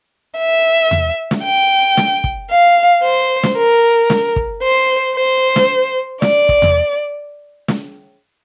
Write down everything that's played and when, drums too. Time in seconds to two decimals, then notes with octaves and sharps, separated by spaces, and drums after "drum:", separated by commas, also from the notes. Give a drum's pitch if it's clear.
0.38 E5
0.91 drum: tom E2
1.31 drum: snare
1.44 G5
1.97 drum: snare
2.24 drum: kick
2.51 F5
3.04 C5
3.43 drum: snare
3.57 A#4
4.10 drum: snare
4.36 drum: kick
4.63 C5
5.15 C5
5.56 drum: snare
6.22 D5, drum: snare
6.49 drum: kick
6.62 drum: tom E2
7.68 drum: snare